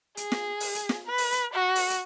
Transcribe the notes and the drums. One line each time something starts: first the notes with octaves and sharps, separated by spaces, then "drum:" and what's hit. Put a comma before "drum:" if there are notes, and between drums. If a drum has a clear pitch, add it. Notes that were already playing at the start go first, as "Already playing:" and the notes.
G#4, drum: hi-hat
drum: snare
drum: open hi-hat
drum: hi-hat
drum: snare
B4
drum: open hi-hat
drum: hi-hat
F#4
drum: open hi-hat
drum: hi-hat